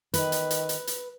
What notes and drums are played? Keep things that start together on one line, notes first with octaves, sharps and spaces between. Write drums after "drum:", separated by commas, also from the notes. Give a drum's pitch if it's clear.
D#3 B4, drum: hi-hat
drum: hi-hat
drum: hi-hat
drum: hi-hat
drum: hi-hat